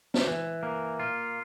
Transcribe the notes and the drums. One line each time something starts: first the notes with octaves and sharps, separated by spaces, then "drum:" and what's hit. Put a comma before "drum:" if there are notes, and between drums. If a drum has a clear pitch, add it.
drum: snare
E3
A#3
F4